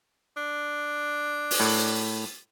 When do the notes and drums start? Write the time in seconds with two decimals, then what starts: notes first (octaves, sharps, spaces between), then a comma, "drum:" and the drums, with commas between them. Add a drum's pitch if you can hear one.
0.37 D4
1.51 drum: open hi-hat
1.60 A2